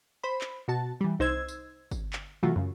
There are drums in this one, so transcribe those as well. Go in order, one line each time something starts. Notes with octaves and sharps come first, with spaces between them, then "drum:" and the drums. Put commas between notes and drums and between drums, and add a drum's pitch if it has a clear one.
C5 B5
drum: clap
B2 F#4 A5
E3 G3
C2 D#4 C5 E6 G#6
drum: tambourine
drum: kick G1, tambourine
drum: clap
C3 E3 F#3 A3 F4 F#4
F#2 C#3